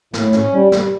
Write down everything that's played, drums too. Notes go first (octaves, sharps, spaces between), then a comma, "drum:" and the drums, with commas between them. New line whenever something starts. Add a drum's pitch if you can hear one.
A2, drum: snare
C#4, drum: snare
G3
G3, drum: snare